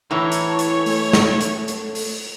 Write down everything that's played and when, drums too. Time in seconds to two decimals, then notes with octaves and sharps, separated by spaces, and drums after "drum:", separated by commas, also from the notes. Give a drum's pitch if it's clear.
0.11 A2 E3 C#5 A#5
0.32 drum: hi-hat
0.49 A5
0.59 drum: hi-hat
0.86 A3, drum: open hi-hat
1.13 drum: snare
1.41 drum: hi-hat
1.68 drum: hi-hat
1.95 drum: open hi-hat